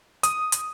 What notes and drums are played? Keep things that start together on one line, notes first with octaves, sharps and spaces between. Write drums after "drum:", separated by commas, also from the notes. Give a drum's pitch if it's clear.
D#6, drum: hi-hat
drum: hi-hat